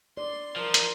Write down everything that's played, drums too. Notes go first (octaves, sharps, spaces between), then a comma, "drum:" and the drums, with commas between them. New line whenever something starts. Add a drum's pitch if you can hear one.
D5 C6
F3 A#4
drum: hi-hat